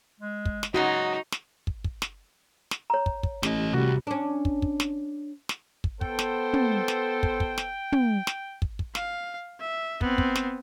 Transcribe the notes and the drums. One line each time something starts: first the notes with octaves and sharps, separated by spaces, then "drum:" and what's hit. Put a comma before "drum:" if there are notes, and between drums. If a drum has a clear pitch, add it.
G#3
drum: kick
drum: snare
G#2 C#3 F#3 D#4 F#4 D#5
drum: snare
drum: kick
drum: kick
drum: snare
drum: snare
C#5 A#5
drum: kick
drum: kick
A1 G4 D#5, drum: snare
C2 G3 F#4
C#4 D4
drum: kick
drum: kick
drum: snare
drum: snare
drum: kick
B3 A4 C5 G5, drum: kick
drum: snare
drum: tom
drum: snare
drum: kick
drum: kick
drum: snare
drum: tom
drum: snare
drum: kick
drum: kick
F5, drum: snare
E5
B3 C4, drum: kick
drum: kick
drum: snare